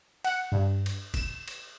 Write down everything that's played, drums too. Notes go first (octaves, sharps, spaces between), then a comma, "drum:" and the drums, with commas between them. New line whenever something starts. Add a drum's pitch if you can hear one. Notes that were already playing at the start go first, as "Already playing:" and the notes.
F#5, drum: cymbal
G2
drum: cymbal
E7, drum: kick, cymbal
drum: cymbal